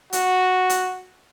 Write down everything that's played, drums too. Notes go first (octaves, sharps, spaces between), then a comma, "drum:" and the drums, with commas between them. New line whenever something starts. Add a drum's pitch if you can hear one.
F#4, drum: hi-hat
drum: hi-hat